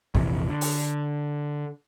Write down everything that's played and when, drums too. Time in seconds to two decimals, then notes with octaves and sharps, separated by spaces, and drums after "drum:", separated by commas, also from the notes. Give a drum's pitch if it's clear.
0.15 A#1 F2 C3 E3, drum: kick
0.50 D3
0.61 drum: open hi-hat